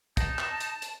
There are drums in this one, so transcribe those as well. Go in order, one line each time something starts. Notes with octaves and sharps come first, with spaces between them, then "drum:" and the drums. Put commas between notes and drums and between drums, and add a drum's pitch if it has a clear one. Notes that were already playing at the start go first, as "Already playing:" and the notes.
D#4 A5, drum: kick, hi-hat
drum: clap
drum: hi-hat
drum: hi-hat